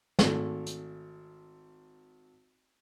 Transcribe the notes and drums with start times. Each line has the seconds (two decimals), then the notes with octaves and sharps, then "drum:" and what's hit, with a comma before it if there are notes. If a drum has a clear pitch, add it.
0.19 G#1 A3, drum: snare
0.66 drum: hi-hat